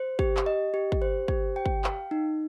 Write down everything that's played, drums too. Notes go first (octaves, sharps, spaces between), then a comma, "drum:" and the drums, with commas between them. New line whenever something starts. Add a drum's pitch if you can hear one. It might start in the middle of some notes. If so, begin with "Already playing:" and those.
Already playing: C5
G4, drum: kick
drum: clap
D#5
G4
drum: kick
C5
G4, drum: kick
G5
drum: kick
F5, drum: clap
D#4